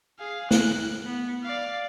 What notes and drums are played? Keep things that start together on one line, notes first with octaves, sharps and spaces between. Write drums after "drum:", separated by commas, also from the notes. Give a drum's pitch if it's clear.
G#4 F5
F#6, drum: snare
B3
D5 F5